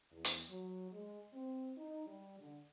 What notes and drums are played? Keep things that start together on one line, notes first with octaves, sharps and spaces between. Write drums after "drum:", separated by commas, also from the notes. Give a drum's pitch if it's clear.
E2
drum: hi-hat
F#3
G#3
C4
D#4
G3
D3